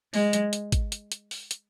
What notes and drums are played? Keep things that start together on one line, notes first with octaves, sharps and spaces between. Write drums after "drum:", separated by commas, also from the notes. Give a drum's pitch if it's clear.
G#3, drum: open hi-hat
drum: hi-hat
drum: hi-hat
drum: kick G#1, hi-hat
drum: hi-hat
drum: hi-hat
drum: open hi-hat
drum: hi-hat